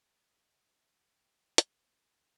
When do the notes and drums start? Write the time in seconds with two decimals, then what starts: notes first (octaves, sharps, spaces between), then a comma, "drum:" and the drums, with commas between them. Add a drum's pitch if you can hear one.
0.17 G5
0.29 G#5
0.40 F5
0.52 E5
0.63 E5
0.79 E5
0.93 F#5
1.10 G5
1.58 drum: hi-hat
2.00 G#5